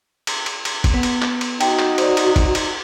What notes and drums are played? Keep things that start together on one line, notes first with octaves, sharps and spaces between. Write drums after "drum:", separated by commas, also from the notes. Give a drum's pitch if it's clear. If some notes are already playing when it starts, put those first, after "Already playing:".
drum: cymbal
drum: cymbal
drum: cymbal
drum: kick, cymbal
B3
drum: cymbal
drum: clap
drum: cymbal
D#4 F#4 G5, drum: cymbal
drum: clap
C5 D5, drum: cymbal
drum: cymbal
drum: kick, cymbal
drum: cymbal